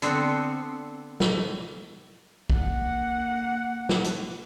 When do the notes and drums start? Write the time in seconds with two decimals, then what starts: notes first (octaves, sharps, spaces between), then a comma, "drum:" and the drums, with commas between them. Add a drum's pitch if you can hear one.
0.02 D3 B3 C4, drum: hi-hat
1.20 drum: snare
2.50 A#3 F#5, drum: kick
3.89 drum: snare
4.04 drum: hi-hat